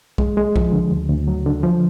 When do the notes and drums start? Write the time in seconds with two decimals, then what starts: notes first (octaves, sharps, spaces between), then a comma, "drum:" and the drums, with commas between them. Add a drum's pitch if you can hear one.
0.18 G#3, drum: kick
0.37 G#3
0.56 F3, drum: kick
0.73 D3
0.91 D2
1.09 D2
1.28 F#3
1.46 D3
1.63 F3